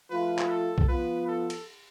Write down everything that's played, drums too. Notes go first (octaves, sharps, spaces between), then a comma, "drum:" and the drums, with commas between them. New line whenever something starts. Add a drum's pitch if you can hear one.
F3 A3 F4 B4
drum: clap
A4
drum: kick B1
F3 B3 F4 B4
A4
drum: cymbal